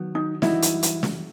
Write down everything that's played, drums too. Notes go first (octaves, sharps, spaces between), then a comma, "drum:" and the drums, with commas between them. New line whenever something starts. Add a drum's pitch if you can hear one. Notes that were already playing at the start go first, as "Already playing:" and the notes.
Already playing: D#3 F#3 B3
D#4
F#2 E3 G3 D#4 E4 F#4, drum: snare
drum: hi-hat
drum: hi-hat
drum: snare